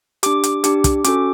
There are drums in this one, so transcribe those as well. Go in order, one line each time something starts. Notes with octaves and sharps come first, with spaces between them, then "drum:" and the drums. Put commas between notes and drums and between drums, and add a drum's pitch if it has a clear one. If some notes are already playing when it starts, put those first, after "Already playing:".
D4 G4 D6, drum: hi-hat
drum: hi-hat
D4 G4, drum: hi-hat
drum: kick, hi-hat
C#4 F#4 A4 D6, drum: hi-hat